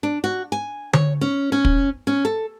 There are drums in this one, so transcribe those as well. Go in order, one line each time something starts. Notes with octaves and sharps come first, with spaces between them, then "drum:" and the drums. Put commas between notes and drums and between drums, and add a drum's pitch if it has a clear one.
D4
F#4
G#5
C#5, drum: tom D3
C#4
C#4
drum: kick
C#4
A4